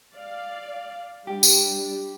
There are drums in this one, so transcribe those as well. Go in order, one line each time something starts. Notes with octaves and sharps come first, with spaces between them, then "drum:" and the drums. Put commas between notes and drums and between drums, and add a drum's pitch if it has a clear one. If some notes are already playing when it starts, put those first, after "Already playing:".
D5 F5
G3 D4 G4
drum: tambourine